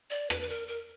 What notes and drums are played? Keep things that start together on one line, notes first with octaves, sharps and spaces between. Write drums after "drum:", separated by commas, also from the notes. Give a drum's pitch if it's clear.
D5
B4, drum: rim click
B4
A#4
A#4